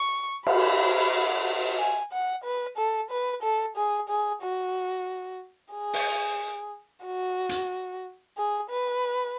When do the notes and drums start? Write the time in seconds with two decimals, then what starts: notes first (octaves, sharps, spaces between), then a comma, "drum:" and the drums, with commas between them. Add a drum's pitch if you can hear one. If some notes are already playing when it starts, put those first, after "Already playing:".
Already playing: C#6
0.47 B5, drum: cymbal
1.79 G#5
2.12 F#5
2.44 B4
2.77 A4
3.11 B4
3.43 A4
3.77 G#4
4.09 G#4
4.42 F#4
5.74 G#4
5.93 drum: open hi-hat
7.05 F#4
7.49 drum: hi-hat
8.37 G#4
8.69 B4